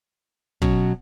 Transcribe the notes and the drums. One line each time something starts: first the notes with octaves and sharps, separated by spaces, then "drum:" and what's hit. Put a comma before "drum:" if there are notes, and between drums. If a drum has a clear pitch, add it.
B2 F#3 C#4, drum: kick